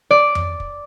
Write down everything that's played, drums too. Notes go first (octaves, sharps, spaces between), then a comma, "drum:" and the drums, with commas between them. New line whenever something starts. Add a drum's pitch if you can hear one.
D5
drum: tom F2
drum: kick